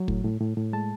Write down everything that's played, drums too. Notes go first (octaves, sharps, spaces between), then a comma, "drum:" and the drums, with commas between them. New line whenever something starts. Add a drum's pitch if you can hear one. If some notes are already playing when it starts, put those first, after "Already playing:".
Already playing: F#3
A2, drum: kick
A2
A2
A2
G#3 A5